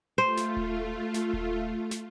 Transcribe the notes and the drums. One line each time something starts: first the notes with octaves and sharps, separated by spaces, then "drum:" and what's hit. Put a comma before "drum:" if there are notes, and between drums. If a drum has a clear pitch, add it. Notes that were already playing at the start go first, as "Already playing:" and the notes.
A3 F4 C5
drum: snare
drum: kick D#1
drum: snare
drum: kick D#1
drum: snare